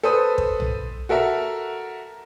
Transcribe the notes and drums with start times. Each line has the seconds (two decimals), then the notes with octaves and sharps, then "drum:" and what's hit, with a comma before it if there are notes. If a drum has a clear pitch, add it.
0.03 A4 B4 C5 D#6
0.38 drum: kick
0.60 drum: tom B1
1.09 F#4 A4 A#4 E5